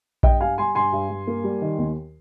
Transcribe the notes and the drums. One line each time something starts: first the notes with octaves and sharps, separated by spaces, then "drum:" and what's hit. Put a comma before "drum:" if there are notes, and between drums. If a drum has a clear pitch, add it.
G2 D#5 G5, drum: kick A#1
G3 F5 G#5
G3 G#5 C6
G2 G#5 C6
G2
G2
A#3
G3
D#3
D#2